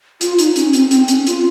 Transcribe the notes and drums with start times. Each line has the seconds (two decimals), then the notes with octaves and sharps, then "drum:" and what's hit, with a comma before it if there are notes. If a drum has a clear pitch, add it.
0.21 F4, drum: hi-hat
0.38 D#4, drum: hi-hat
0.56 C#4, drum: hi-hat
0.73 C4, drum: hi-hat
0.91 C4, drum: hi-hat
1.08 C#4, drum: hi-hat
1.27 F4, drum: hi-hat